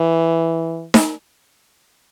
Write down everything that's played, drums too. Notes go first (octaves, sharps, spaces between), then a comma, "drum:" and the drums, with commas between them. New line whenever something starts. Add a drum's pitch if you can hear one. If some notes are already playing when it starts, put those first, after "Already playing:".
Already playing: E3
drum: snare D#4